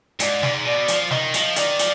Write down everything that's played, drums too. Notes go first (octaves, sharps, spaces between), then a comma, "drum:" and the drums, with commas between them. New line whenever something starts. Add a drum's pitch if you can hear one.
G#2 D5, drum: hi-hat
G#2, drum: snare
B2 D5
F3, drum: hi-hat
D#3 D#5, drum: snare
F3, drum: hi-hat
D#3 D5, drum: hi-hat
F3, drum: hi-hat